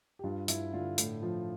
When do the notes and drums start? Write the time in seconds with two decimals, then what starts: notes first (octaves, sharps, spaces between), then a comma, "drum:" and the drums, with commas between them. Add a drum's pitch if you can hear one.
0.19 G4
0.24 G2 F4
0.48 G2 E4, drum: hi-hat
0.73 D3 F4
0.98 A2, drum: hi-hat
1.22 F3 F4